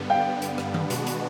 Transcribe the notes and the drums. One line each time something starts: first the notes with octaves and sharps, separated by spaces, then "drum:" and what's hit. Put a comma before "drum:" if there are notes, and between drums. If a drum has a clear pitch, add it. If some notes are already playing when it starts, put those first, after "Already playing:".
Already playing: G2 D3 G3 B3
F5 G5
drum: hi-hat
drum: rim click
drum: tom D#3
B2 G#3 B3 D4 F#4, drum: hi-hat
drum: hi-hat